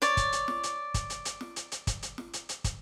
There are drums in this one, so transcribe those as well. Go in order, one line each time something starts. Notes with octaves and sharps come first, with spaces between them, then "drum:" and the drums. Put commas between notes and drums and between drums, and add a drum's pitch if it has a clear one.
C#5 D5, drum: hi-hat
drum: kick, hi-hat
drum: hi-hat
drum: snare
drum: hi-hat
drum: kick, hi-hat
drum: hi-hat
drum: hi-hat
drum: snare
drum: hi-hat
drum: hi-hat
drum: kick, hi-hat
drum: hi-hat
drum: snare
drum: hi-hat
drum: hi-hat
drum: kick, hi-hat